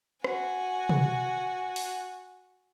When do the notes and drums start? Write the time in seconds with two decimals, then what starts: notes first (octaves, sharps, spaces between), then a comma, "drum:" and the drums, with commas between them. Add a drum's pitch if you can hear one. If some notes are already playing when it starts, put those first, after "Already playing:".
0.24 F#4 G#5, drum: rim click
0.89 drum: tom
1.76 drum: open hi-hat